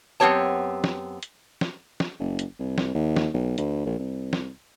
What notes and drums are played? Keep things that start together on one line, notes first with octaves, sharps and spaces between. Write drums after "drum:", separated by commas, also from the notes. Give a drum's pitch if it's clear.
F#2 B3 C4 G4 C#5 A5
drum: snare
drum: hi-hat
drum: snare
drum: snare
F#1
drum: hi-hat
C2
drum: snare
D#2
drum: snare
B1
D2, drum: hi-hat
A#1
C2
drum: snare